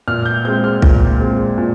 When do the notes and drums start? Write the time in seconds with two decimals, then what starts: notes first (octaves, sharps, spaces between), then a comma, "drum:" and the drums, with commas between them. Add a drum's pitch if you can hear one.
0.08 A#2 F6
0.26 G6
0.45 G#3 C4 G6
0.64 F6
0.82 A#2, drum: kick
1.20 G#3 C4
1.58 A#2